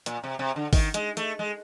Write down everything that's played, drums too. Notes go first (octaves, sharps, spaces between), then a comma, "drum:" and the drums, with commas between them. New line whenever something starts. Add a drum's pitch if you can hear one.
A#2, drum: hi-hat
C3
C3
D3
D#3, drum: kick, open hi-hat
G#3, drum: hi-hat
A3, drum: hi-hat
G#3